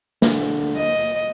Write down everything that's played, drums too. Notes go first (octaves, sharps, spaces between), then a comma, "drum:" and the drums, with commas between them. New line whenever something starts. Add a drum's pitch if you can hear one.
D3, drum: snare
D#5
drum: tambourine